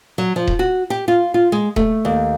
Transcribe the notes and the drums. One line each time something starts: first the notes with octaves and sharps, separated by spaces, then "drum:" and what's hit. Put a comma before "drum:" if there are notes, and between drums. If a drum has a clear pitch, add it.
F#3
F3
drum: kick D#1
F#4
G4
F4
F4
G#3
A3, drum: kick D#1
D#2